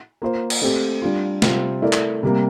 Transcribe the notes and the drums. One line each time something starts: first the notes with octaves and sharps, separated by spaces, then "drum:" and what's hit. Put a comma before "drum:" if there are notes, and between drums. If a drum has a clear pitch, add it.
A#3 F4 C5
drum: cymbal
A3 C4 G4
G3 D4 F4
C3 G3 C4 F4, drum: snare
A3 E4 A#4 D5
drum: clap
C3 G3 A#3